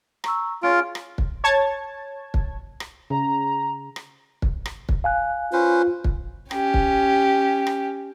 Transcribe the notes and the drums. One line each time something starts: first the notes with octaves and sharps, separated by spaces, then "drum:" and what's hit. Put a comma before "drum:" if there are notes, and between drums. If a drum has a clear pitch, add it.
A#5 C#6 E6, drum: rim click
C#4 F4 D7
drum: rim click
drum: kick
C#5 A5 G#6
drum: kick
drum: rim click
C#3 A#5
drum: rim click
drum: kick
drum: rim click
drum: kick
F5 G#5 F#6
C#4 F4 B4 C5
drum: kick
C#4 G4, drum: rim click
drum: kick
drum: rim click